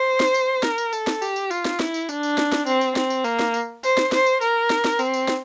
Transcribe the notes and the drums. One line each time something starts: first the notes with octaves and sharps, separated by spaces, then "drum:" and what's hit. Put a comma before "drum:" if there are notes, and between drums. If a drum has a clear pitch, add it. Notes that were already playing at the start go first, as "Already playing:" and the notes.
Already playing: C5
drum: snare
drum: tambourine
A#4, drum: snare
drum: tambourine
A4, drum: tambourine
drum: snare
G4, drum: tambourine
drum: tambourine
F4, drum: tambourine
drum: snare
E4, drum: snare
drum: tambourine
D4, drum: tambourine
drum: tambourine
drum: snare
drum: snare
C4, drum: tambourine
drum: tambourine
C4, drum: snare
drum: tambourine
A#3, drum: tambourine
drum: snare
drum: tambourine
C5, drum: tambourine
drum: snare
C5, drum: snare
drum: tambourine
A#4, drum: tambourine
drum: snare
drum: snare
C4, drum: tambourine
drum: tambourine
drum: snare